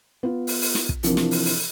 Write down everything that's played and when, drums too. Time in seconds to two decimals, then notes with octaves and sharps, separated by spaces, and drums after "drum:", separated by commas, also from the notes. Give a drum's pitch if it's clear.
0.23 B3 F4
0.47 drum: open hi-hat
0.61 drum: open hi-hat
0.75 drum: snare
0.89 drum: kick
1.03 C3 E3 F3 C4 D4 A#4, drum: hi-hat
1.17 drum: snare
1.31 drum: open hi-hat
1.45 drum: open hi-hat